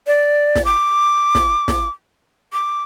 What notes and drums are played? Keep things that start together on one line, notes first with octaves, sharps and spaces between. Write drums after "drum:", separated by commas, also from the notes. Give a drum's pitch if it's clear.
D5
drum: snare
D6
drum: snare
drum: snare
D6